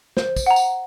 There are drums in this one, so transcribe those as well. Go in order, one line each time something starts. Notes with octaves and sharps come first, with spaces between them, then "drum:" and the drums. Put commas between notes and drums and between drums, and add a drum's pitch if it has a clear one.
C5, drum: snare
drum: kick, tambourine
F#5 A#5
drum: tambourine